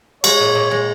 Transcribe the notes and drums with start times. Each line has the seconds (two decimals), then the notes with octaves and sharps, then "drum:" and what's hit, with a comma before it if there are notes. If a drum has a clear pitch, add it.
0.24 G#3 C#5, drum: cymbal
0.40 A#2
0.55 A#2
0.71 G#3